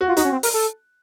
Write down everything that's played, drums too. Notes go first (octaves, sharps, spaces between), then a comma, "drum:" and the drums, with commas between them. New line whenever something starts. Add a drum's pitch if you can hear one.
F#4
F4
D#4 F#4, drum: hi-hat
C#4
C4
A#4, drum: open hi-hat
A4